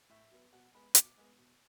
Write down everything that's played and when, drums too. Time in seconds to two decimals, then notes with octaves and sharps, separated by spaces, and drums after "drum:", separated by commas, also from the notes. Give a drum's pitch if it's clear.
0.09 A2 E5
0.31 F#3 B3
0.53 B2 F#5
0.74 G#3 B3 B5
0.95 B2 D6, drum: hi-hat
1.17 G#3 B3
1.38 B2